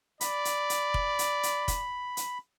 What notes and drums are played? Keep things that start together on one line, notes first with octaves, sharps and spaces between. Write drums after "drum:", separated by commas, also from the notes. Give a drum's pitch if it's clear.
D5 B5, drum: hi-hat
drum: hi-hat
drum: hi-hat
drum: kick F1
drum: hi-hat
drum: hi-hat
drum: kick F1, hi-hat
drum: hi-hat